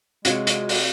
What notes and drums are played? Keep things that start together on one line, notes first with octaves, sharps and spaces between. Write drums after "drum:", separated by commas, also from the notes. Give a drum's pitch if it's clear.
C3 G#3 F4 F#4 C#5, drum: hi-hat
drum: hi-hat
drum: open hi-hat